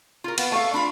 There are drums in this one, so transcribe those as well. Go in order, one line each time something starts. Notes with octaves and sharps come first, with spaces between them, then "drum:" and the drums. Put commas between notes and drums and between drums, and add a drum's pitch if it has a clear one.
F4 A#4
B3 F5, drum: cymbal
A3 A4 F5 C#6
D4 F4 B5